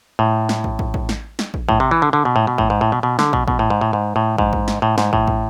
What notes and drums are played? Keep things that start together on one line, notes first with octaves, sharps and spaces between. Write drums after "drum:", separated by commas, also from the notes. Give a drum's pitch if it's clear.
A2
drum: snare
drum: kick
drum: kick
drum: kick
drum: snare
drum: snare
drum: kick
A2, drum: kick
C3
E3
D3
D3
B2
A2
B2
A2, drum: kick
G#2
A2
B2
B2
D3, drum: snare
B2, drum: kick
B2, drum: kick
A2
G#2
A2
G#2
A2
G#2, drum: kick
drum: kick
drum: snare
A2
G#2, drum: snare
A2, drum: kick
drum: kick